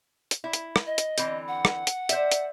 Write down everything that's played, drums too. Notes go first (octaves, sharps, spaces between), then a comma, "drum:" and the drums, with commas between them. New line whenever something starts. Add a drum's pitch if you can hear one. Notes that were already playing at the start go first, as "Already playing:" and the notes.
drum: hi-hat
E4
drum: hi-hat
drum: rim click
D#5
drum: hi-hat
D3 E3 C4, drum: hi-hat
F#5
drum: rim click
drum: hi-hat
C5 D5 E5, drum: hi-hat
drum: hi-hat